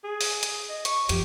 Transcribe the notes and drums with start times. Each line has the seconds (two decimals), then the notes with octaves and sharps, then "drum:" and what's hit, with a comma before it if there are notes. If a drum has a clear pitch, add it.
0.04 G#4
0.21 drum: open hi-hat
0.43 drum: hi-hat
0.70 D#5
0.85 C#6, drum: hi-hat
1.09 F2 G4, drum: hi-hat